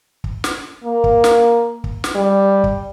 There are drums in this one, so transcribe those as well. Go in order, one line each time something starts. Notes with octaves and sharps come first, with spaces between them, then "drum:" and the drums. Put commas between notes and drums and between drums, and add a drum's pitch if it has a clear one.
drum: kick
drum: snare
A#3
drum: kick
drum: snare
drum: kick
drum: snare
G3
drum: kick